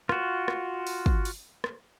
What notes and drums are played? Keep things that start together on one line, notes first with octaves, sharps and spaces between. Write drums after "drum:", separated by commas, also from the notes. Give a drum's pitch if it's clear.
F4 F#4, drum: rim click
drum: rim click
drum: open hi-hat
drum: kick
drum: open hi-hat
drum: rim click